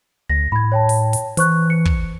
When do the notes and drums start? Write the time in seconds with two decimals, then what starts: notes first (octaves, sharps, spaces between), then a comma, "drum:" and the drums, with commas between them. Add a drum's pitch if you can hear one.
0.30 D2 A#6
0.52 A2 B5 G#6
0.72 C#5 G5 A5
0.89 drum: open hi-hat
1.13 drum: hi-hat
1.37 E3 C5 C#6 F#6, drum: hi-hat
1.70 C#7
1.85 drum: kick